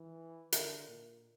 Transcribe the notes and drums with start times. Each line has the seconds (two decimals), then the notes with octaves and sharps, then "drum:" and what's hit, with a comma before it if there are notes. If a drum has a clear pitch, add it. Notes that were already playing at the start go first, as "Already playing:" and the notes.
Already playing: E3
0.52 D3 A#4 E5 A#5, drum: hi-hat
0.88 A#2